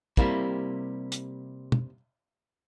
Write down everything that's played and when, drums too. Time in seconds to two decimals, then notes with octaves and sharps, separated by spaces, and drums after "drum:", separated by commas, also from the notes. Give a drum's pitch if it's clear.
0.17 C3 G3 A#3 E4, drum: kick
1.12 drum: hi-hat
1.72 drum: tom